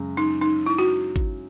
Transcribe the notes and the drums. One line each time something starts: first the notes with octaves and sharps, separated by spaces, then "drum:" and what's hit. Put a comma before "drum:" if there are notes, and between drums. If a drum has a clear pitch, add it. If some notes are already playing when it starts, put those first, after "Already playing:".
Already playing: F#2 C#3 G#3
D#4
D#4
E4
F#4
drum: kick G#1